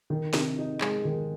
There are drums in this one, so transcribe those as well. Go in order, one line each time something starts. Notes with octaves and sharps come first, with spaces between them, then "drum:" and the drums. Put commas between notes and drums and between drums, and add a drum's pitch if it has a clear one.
D#3
C3, drum: snare
D#4
G#3, drum: clap
D#3